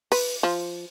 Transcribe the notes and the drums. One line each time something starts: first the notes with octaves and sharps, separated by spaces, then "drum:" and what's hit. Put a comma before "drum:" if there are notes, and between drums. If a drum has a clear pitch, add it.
B4, drum: open hi-hat
F3